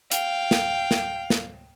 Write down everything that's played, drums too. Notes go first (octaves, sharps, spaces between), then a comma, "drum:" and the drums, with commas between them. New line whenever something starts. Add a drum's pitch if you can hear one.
F5 G5, drum: hi-hat
drum: snare
drum: snare
drum: snare